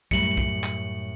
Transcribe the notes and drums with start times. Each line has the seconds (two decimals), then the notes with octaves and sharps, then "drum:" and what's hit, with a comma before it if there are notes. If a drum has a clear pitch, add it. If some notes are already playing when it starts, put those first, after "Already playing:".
0.11 F#2 A2 G3 C#7 F#7, drum: kick
0.37 drum: kick
0.64 drum: clap